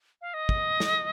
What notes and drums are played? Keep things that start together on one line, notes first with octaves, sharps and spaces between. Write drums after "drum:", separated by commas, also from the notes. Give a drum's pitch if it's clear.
F5
D#5
drum: kick
drum: snare